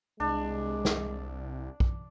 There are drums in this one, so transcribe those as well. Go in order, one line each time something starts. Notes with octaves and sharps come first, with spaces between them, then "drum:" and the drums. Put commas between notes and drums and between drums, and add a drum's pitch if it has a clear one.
C2 G#3 D4
drum: snare
drum: kick